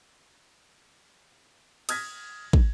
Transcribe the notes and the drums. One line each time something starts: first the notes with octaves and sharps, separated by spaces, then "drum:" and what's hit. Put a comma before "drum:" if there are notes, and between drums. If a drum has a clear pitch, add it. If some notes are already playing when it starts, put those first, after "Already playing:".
D#6 F6 G#6 A#6 B6, drum: cymbal
drum: kick